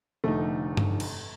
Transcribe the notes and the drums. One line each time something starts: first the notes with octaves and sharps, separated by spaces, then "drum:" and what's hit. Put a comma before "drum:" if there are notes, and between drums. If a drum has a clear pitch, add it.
F1 D3 A3 D#4
drum: tom G2
drum: cymbal